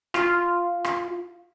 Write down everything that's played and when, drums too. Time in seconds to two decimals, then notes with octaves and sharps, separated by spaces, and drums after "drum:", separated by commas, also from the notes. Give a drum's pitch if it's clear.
0.14 F4, drum: rim click
0.84 drum: rim click